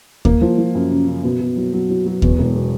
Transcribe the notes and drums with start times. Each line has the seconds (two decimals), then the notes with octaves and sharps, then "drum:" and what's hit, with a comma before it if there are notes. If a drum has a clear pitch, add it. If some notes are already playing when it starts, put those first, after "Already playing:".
0.25 A#3, drum: kick D#2
0.41 F3
0.58 F3
0.75 F#2
0.90 C#3
1.07 C#3
1.23 B2
1.40 B2
1.57 F#3
1.73 F#3
1.90 F#3
2.06 F#3
2.22 E2, drum: kick D#2
2.39 E1
2.55 B2